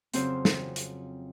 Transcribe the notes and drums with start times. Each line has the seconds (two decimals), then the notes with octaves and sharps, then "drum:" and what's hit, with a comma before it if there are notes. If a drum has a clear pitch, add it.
0.14 F2 C#3 F#3 C4 C#4 C5, drum: hi-hat
0.45 drum: snare
0.76 drum: hi-hat